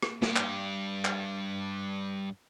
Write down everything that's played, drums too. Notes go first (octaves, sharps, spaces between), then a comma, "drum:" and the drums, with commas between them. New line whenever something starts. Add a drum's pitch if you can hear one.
drum: rim click
G2 G4, drum: snare
drum: clap
drum: clap